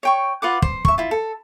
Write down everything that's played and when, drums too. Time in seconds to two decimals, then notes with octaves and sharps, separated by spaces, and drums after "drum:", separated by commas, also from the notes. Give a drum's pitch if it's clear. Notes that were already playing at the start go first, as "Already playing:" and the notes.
0.03 C#5 G5 C#6
0.42 F4 B4 F#5 D6
0.62 C5, drum: kick
0.85 E5 C#6, drum: kick
0.98 E4 F4
1.11 A4